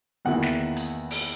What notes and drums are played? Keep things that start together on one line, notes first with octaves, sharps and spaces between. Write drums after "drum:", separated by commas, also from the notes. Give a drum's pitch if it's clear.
E2 D#3 A#3 E4 F#5
drum: snare
drum: hi-hat
drum: open hi-hat